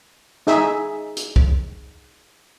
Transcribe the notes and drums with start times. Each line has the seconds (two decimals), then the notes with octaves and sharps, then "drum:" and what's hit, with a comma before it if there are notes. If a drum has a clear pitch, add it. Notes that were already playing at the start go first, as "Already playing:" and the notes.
0.47 D#4 G#4 E5, drum: snare
1.17 drum: hi-hat
1.36 drum: kick